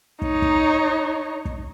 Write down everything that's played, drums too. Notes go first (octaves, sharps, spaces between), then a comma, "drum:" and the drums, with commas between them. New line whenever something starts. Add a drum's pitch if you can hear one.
D#4 C#5, drum: kick
drum: kick
drum: kick